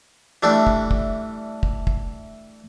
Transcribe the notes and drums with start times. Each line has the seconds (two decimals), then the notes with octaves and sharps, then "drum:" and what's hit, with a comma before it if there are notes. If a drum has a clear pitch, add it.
0.43 E3 G3 A3 D4
0.67 drum: kick
0.91 drum: kick
1.63 drum: kick
1.87 drum: kick